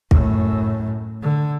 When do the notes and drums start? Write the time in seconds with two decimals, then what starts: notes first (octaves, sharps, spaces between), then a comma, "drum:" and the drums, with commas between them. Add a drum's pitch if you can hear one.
0.11 F#2 A2, drum: kick
1.22 D3